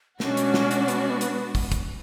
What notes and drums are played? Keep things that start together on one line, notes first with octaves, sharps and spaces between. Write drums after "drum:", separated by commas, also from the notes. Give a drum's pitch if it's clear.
B2 G#3 C#4 D4 F#4, drum: snare
drum: hi-hat
drum: snare
drum: hi-hat
B3, drum: hi-hat
C#4
B3
B3, drum: hi-hat
B3
drum: kick, open hi-hat
drum: kick, hi-hat